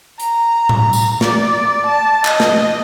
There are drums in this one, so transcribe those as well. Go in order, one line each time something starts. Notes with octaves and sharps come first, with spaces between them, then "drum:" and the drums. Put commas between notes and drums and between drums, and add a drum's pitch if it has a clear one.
A#5, drum: hi-hat
drum: tom A2
drum: tambourine
D5, drum: snare
A5
D#5, drum: clap
drum: snare